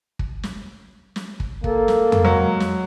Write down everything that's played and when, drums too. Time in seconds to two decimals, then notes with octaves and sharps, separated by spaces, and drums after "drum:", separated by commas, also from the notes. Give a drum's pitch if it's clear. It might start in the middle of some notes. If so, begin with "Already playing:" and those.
0.19 drum: kick
0.43 drum: snare
1.16 drum: snare
1.40 drum: kick
1.64 A#3 A4, drum: kick
1.88 drum: snare
2.12 drum: tom F2
2.25 F#3 G#3
2.60 drum: snare